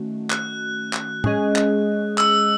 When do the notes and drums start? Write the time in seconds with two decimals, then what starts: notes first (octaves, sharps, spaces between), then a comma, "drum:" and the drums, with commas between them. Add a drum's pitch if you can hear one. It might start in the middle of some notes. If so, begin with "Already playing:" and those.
Already playing: D#3 A3 C#4 F#4
0.30 F#6, drum: clap
0.93 drum: clap
1.24 G#3 C#4 G#4 D#5, drum: tom
1.55 drum: clap
2.18 E6, drum: clap